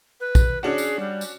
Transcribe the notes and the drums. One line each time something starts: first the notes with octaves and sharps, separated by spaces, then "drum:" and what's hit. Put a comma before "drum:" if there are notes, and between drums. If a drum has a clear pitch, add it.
B4
drum: kick A#1, tambourine
C#4 D4 F#4 G#4
drum: tambourine
G3
drum: tambourine